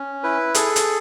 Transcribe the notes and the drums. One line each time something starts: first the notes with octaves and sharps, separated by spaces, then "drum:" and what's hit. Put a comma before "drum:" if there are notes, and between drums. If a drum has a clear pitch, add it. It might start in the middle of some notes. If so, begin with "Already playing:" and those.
Already playing: C#4
E4 B4
G#4 A4, drum: hi-hat
drum: hi-hat